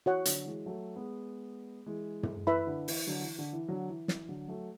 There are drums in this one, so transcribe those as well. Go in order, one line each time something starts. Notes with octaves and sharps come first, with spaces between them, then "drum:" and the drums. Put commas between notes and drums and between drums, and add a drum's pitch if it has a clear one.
E3 F#4 C#5 F#5
D3 F#3, drum: hi-hat
E3 G#3
F#3 A3
G#3 B3
E3 G#3
drum: tom
E3 E4 B4 E5 B5
D3
E3, drum: open hi-hat
D3 F#3
E3
D3
E3
D3 F#3
E3
E3, drum: snare
D3 F#3
F#3 A3